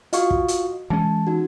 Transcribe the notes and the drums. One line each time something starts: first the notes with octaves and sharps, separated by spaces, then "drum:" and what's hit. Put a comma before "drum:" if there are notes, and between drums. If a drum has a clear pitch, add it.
F4 F#4 D#5 F5 C#6, drum: hi-hat
drum: kick
drum: hi-hat
E3 G#3 C#4 A5
D#4 F#4